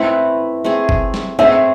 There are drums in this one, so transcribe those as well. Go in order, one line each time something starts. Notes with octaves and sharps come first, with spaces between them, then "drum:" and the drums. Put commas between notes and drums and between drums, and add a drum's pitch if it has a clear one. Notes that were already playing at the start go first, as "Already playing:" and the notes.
Already playing: A3 C4 E4 B4 E5
A3 C4 G#4
drum: kick
drum: snare
A3 C4 G#4 E5